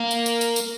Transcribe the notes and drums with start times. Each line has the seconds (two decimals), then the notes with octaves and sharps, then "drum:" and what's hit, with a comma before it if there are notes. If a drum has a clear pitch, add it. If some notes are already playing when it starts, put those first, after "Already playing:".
Already playing: A#3
0.11 drum: tambourine
0.26 drum: tambourine
0.41 drum: tambourine
0.56 drum: tambourine